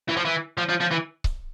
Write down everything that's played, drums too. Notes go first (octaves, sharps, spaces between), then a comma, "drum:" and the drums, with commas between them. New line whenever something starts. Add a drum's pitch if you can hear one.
E3
F3
E3
F3
F3
F3
E3
drum: kick C#1